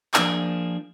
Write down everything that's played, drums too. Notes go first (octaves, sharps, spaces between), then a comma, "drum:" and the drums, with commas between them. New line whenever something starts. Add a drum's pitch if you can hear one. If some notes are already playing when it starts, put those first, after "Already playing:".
F3 A#3 D4 G#4, drum: clap